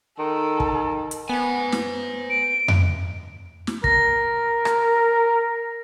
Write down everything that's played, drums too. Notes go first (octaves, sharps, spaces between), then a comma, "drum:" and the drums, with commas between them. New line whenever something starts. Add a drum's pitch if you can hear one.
D#3 A4
drum: kick
drum: hi-hat
B3 C5 G#5
drum: snare
D7
drum: tom F2
drum: snare
A#4 A#6, drum: kick
drum: rim click